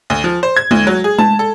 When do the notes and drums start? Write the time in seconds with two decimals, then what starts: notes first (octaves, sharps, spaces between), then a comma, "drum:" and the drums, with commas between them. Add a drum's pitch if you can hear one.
0.10 D2
0.24 F3
0.43 C5
0.57 G#6
0.71 D2, drum: tom G#3
0.87 F#3
1.04 G#4
1.19 A5, drum: tom G#3
1.39 A4